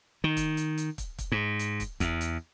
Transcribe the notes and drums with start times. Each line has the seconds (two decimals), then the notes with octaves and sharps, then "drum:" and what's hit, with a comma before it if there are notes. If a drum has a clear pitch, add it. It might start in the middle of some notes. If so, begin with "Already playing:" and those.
0.24 D#3
0.37 drum: kick, hi-hat
0.57 drum: hi-hat
0.78 drum: hi-hat
0.98 drum: kick, hi-hat
1.18 drum: kick, hi-hat
1.32 G#2
1.59 drum: hi-hat
1.80 drum: kick, hi-hat
2.00 E2, drum: kick, hi-hat
2.21 drum: hi-hat